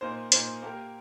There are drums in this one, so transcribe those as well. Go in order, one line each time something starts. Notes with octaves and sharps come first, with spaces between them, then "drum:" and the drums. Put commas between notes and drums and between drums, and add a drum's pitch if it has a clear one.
A#2 A#3 D#4 C5
A#2 A#3 D#4 C5, drum: hi-hat
A#3 G4 A#4